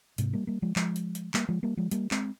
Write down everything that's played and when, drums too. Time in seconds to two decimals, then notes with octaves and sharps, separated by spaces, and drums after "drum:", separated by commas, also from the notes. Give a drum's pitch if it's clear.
0.18 G#2 C3, drum: hi-hat
0.33 G3 A#3
0.47 G3 A#3
0.62 F3 G#3
0.76 F3 G#3, drum: clap
0.96 drum: hi-hat
1.15 drum: hi-hat
1.34 G3 A#3, drum: clap
1.49 F3 G#3
1.63 G3 A#3
1.77 F3 G#3
1.91 G3 A#3, drum: hi-hat
2.11 G#3 C4, drum: clap